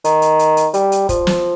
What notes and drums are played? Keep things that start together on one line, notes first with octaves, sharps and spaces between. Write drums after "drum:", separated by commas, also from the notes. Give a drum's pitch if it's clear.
D#3, drum: hi-hat
drum: hi-hat
drum: hi-hat
drum: hi-hat
G3, drum: hi-hat
drum: hi-hat
F3, drum: kick, hi-hat
drum: snare